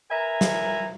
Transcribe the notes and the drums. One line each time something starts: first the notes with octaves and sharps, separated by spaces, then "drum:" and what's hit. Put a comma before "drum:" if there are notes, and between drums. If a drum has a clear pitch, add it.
A#4 B4 E5 G#5 A#5
drum: snare